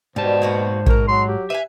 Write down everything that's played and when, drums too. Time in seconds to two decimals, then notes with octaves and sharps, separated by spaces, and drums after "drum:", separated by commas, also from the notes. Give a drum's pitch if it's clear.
0.16 G#2 B2 G3 C5 A5
0.42 A#3 F#4 B4
0.86 B2 A#4 A#5, drum: kick A1
1.08 F#3 C6
1.28 G4
1.50 B4 E5 F5 G#5